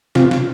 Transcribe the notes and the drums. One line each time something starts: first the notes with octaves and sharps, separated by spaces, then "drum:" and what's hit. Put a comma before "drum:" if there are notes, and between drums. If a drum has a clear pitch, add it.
C3 F4, drum: snare
drum: snare